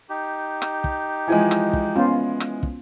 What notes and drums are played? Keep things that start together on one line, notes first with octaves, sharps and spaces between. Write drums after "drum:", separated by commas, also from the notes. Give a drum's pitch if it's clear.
D#4 G4
drum: rim click
drum: kick
E3 F3 G#3 G#5
drum: rim click
drum: kick
B3 C#4 F4
drum: rim click
drum: kick